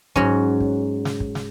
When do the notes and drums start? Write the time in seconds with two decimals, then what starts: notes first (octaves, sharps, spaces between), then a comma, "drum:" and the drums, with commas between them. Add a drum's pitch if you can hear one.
0.16 G#2 F#3 C#4, drum: kick
0.60 drum: kick
1.05 drum: snare
1.20 drum: kick
1.35 drum: snare